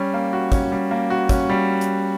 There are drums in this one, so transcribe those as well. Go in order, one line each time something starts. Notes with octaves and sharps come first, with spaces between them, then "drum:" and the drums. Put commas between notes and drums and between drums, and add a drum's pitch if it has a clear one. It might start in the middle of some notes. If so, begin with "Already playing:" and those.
Already playing: G3 C#4
A#3
F#4
C#4, drum: kick, hi-hat
G3
A#3
F#4
C#4, drum: kick, hi-hat
G3
drum: hi-hat